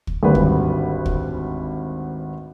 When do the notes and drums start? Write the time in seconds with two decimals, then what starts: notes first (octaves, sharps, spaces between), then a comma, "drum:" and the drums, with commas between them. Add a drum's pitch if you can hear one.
0.07 drum: kick
0.23 G#1 D2 G3 B4
0.35 drum: kick
1.06 drum: kick